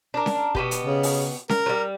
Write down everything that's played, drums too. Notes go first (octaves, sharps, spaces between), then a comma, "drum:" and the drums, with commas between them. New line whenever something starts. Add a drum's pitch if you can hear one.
D4 A#4
drum: snare C#4
B2 B3 G4, drum: kick
drum: hi-hat
C#3
drum: open hi-hat
A#4, drum: snare C#4
F#3 G3